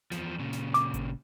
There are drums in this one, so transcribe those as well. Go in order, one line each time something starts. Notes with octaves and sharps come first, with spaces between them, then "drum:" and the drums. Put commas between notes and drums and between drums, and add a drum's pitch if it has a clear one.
E2 F3, drum: snare
A#2 C#3
drum: snare
D6, drum: snare
drum: kick G#1, hi-hat